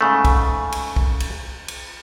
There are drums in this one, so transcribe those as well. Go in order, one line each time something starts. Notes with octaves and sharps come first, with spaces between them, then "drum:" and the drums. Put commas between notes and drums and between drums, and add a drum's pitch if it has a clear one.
G#2 C#3 A3
drum: kick, cymbal
drum: cymbal
drum: kick
drum: cymbal
drum: cymbal